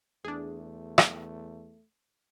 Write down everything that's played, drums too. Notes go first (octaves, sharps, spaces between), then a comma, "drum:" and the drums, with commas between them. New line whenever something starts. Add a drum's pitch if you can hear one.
E2 A3 D4 G#4
drum: rim click